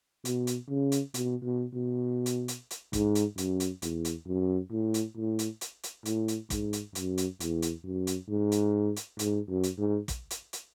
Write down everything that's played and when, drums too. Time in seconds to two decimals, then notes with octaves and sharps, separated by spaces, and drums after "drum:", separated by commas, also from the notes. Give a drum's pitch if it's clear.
0.25 B2, drum: hi-hat
0.47 drum: hi-hat
0.69 C#3
0.92 drum: hi-hat
1.14 B2, drum: hi-hat
1.44 B2
1.73 B2
2.26 drum: hi-hat
2.48 drum: hi-hat
2.71 drum: hi-hat
2.93 G#2, drum: kick, hi-hat
3.15 drum: hi-hat
3.38 F#2, drum: hi-hat
3.60 drum: hi-hat
3.82 E2, drum: hi-hat
4.05 drum: hi-hat
4.27 F#2
4.72 A2
4.94 drum: hi-hat
5.16 A2
5.39 drum: hi-hat
5.61 drum: hi-hat
5.83 drum: hi-hat
6.05 A2, drum: hi-hat
6.28 drum: hi-hat
6.50 G#2, drum: kick, hi-hat
6.73 drum: hi-hat
6.95 F#2, drum: hi-hat
7.18 drum: hi-hat
7.40 E2, drum: hi-hat
7.62 drum: hi-hat
7.85 F#2
8.07 drum: hi-hat
8.29 G#2
8.52 drum: hi-hat
8.96 drum: hi-hat
9.19 G#2, drum: hi-hat
9.48 F#2
9.63 drum: hi-hat
9.78 G#2
10.08 drum: kick, hi-hat
10.30 drum: hi-hat
10.53 drum: hi-hat